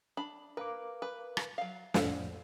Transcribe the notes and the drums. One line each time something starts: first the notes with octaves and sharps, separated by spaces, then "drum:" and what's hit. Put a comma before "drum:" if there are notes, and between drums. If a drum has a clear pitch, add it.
D4 B5
A#4 B4 F5 D6
B4
drum: rim click
F#3 F5
C2 F2 A2 C5 F5 F#5, drum: snare